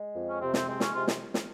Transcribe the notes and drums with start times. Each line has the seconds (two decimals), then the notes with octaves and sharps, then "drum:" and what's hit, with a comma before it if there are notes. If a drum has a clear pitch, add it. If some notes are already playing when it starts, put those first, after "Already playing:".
Already playing: G#3
0.14 F2
0.28 C#4
0.41 C3 C4
0.54 C4, drum: snare
0.67 G#3 C4
0.80 C#4, drum: snare
0.94 C3 F4
1.08 drum: snare
1.34 drum: snare